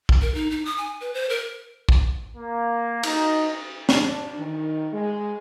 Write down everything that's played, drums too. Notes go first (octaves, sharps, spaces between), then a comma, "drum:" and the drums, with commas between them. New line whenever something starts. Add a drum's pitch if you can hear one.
drum: kick
A#4
D#4
D#4
D#6
G#5
B4
C5
A#4
drum: kick
A#3
D#4, drum: cymbal
D4, drum: snare
D#3
G#3